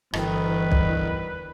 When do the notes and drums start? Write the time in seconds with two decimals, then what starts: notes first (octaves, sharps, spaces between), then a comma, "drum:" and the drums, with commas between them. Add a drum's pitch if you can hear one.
0.13 G1 D2 D#3 E3 B4, drum: rim click
0.72 drum: kick B1